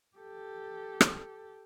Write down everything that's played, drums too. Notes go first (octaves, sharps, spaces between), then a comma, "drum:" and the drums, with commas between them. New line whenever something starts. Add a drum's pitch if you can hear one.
G4 A4
drum: rim click